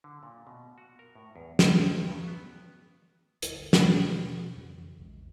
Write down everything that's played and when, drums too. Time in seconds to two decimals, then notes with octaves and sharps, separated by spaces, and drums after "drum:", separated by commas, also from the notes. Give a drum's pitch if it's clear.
0.04 D3
0.23 A#2
0.47 B2
0.78 F#4
0.99 A#4
1.15 A2
1.36 E2
1.59 A#1, drum: snare
1.80 B3
1.98 G2
2.11 F#3
2.28 B3
3.42 A1 D#2 D3 G3, drum: hi-hat
3.73 B2 D4, drum: snare
4.56 F2 C#3 E3
4.99 A#1 E2 C3 G#3